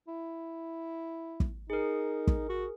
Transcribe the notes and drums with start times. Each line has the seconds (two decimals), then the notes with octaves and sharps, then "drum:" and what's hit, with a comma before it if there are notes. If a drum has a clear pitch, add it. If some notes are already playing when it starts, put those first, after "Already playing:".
0.08 E4
1.40 drum: kick
1.70 D#4 G#4 A#4
2.27 drum: kick
2.49 F#4